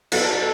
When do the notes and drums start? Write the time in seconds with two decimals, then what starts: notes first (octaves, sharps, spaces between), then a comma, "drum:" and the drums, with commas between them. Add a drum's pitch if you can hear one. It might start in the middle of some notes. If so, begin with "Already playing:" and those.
0.12 B2 F#3 B3 A4, drum: cymbal